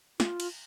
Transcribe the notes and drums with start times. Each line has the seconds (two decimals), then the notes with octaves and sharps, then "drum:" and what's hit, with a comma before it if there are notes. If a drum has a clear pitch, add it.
0.20 F4, drum: snare
0.40 drum: cymbal